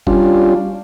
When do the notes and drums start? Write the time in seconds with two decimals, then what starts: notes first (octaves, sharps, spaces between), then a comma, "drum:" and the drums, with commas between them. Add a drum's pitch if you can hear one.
0.07 G3 C#4 D4 F4, drum: kick